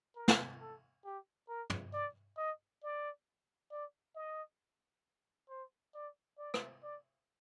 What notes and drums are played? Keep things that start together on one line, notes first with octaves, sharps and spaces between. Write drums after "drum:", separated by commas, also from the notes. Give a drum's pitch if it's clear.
A#4
drum: snare
A4
G4
A#4
drum: tom
D5
D#5
D5
D5
D#5
C5
D5
D5
drum: rim click
D5